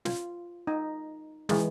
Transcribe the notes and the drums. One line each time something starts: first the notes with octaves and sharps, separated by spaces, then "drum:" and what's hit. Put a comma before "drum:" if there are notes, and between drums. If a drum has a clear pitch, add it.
F4, drum: snare
D#4
E3 G#3, drum: snare